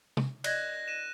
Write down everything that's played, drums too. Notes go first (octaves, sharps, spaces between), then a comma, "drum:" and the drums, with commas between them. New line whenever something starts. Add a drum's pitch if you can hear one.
drum: tom
D5 D#5 F#6 G#6 A#6, drum: cymbal
A#6 D#7 E7